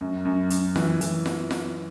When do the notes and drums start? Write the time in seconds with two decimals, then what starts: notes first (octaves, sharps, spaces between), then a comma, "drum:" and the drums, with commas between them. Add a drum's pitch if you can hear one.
0.01 F#2
0.25 F#2
0.50 F#2, drum: hi-hat
0.76 E3, drum: snare F4
1.01 E3, drum: hi-hat
1.26 drum: snare F4
1.51 drum: snare F4